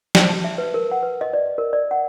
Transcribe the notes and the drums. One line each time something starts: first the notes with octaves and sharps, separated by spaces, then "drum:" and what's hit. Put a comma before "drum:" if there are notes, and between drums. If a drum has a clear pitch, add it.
G5, drum: snare
A5
E5
B4
A#4
F#5
B4
D#5
D5
A#4
D5
F#5